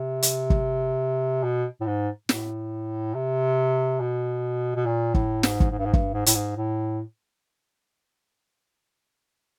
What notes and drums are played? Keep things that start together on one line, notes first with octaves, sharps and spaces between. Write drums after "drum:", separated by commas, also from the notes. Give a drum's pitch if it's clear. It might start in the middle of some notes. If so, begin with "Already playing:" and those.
Already playing: C3
drum: hi-hat
drum: kick G1
B2
A2
G#2
A2, drum: snare
C3
B2
B2
A#2
A2, drum: kick G1
G#2, drum: snare
drum: kick G1
G#2
G2
G#2
G2, drum: kick G1
G#2
A2, drum: hi-hat
G#2
A2